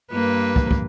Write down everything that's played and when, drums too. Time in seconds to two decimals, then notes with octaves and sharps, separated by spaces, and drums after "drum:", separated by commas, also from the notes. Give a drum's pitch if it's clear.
0.12 G2 A#3 B4
0.56 drum: kick
0.71 drum: kick